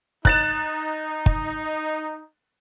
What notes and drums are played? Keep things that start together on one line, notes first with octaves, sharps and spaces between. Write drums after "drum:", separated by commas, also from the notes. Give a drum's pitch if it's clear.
D#4 F#6 A6 E7, drum: kick
drum: kick